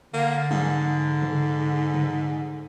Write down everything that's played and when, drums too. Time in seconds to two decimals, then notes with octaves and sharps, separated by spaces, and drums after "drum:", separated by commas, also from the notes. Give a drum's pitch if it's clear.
0.14 D3 A#3
0.51 G#2, drum: tom
1.22 drum: tom
1.94 drum: tom